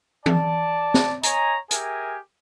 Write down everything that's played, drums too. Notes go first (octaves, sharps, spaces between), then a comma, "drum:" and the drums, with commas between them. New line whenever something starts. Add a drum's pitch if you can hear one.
D5 A5, drum: tom E3
drum: snare
C#5 D#5 G#5 A#5, drum: hi-hat
G4 G#4 A#4 E5 G#5, drum: hi-hat